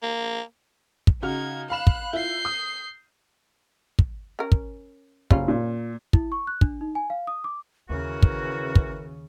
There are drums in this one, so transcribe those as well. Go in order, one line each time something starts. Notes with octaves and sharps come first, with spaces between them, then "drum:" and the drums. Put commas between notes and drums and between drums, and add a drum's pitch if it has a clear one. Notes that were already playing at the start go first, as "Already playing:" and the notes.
A#3
drum: kick
C#3 D#4 F#4 F6 G#6
F5 B5 F#6 E7
drum: kick
E4 F4 G6 C7
D#6
drum: kick
C#4 A#4
drum: kick
F#1 G3 C#4 F4, drum: kick
A#2
E4, drum: kick
C#6
F#6
D4, drum: kick
D#4
G#5
F5
D#6
D6
D#2 C#3 E3 F#4 A#4
drum: kick
drum: kick